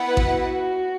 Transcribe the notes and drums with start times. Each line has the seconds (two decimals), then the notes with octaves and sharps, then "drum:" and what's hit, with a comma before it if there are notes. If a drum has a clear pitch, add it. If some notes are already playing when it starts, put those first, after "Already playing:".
Already playing: B3 E4 B4 F#5
0.17 F#4, drum: kick A1